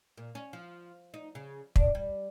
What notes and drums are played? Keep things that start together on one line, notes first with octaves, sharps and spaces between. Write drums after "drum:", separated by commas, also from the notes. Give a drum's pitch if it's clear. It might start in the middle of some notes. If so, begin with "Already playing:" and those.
A#2
C#4
F3
D#4
C#3
D4, drum: kick
G3